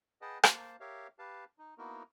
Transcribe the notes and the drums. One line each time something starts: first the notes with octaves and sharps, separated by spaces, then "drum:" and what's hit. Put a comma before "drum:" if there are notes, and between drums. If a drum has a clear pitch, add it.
G#4 B4 D#5 F#5 G5 A5
A#3 C5 F5 A5, drum: rim click
G4 A#4 C#5 E5 F5
G4 B4 F5 A5
D#4
A#3 B3 D#4 E4 F#4 A#4